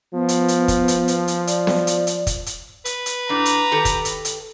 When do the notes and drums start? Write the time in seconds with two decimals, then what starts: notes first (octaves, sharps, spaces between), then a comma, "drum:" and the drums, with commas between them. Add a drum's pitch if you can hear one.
0.14 F3 B3
0.29 drum: hi-hat
0.48 drum: hi-hat
0.68 drum: kick, hi-hat
0.88 drum: hi-hat
1.08 drum: hi-hat
1.28 drum: hi-hat
1.47 D5, drum: hi-hat
1.67 drum: snare B3
1.87 drum: hi-hat
2.07 drum: hi-hat
2.27 drum: kick, hi-hat
2.46 drum: hi-hat
2.85 B4, drum: hi-hat
3.06 drum: hi-hat
3.29 A2 D4 A#5
3.45 drum: hi-hat
3.71 D#3 G4 A4
3.85 drum: kick, hi-hat
4.05 drum: hi-hat
4.25 drum: hi-hat